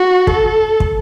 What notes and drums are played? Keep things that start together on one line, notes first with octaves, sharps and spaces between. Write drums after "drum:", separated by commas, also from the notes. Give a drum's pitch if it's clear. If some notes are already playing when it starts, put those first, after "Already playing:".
Already playing: F#4
A4, drum: kick
drum: kick